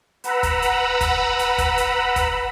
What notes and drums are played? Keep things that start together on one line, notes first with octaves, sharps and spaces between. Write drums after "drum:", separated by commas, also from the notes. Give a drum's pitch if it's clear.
B4 F#5 A#5 B5 E6, drum: hi-hat
drum: kick, hi-hat
drum: hi-hat
drum: kick, hi-hat
drum: hi-hat
drum: kick, hi-hat
drum: hi-hat
drum: kick, hi-hat